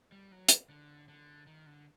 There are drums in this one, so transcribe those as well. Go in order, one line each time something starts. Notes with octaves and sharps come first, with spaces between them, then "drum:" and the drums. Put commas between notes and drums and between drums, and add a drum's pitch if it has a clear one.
G3
F#3
drum: hi-hat
D3
D3
D#3
D3